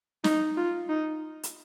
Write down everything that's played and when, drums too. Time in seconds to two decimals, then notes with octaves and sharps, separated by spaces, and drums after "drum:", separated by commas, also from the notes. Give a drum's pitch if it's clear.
0.24 D#4, drum: snare
0.57 F4
0.89 D#4
1.43 drum: hi-hat